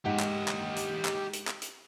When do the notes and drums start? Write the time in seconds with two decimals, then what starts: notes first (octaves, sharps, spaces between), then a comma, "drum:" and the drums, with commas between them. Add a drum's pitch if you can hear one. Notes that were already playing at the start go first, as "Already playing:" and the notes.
0.05 G#2 G4 D#5 F#5
0.20 drum: clap
0.48 drum: clap
0.76 drum: hi-hat
1.05 drum: clap
1.33 drum: hi-hat
1.47 drum: clap
1.62 drum: hi-hat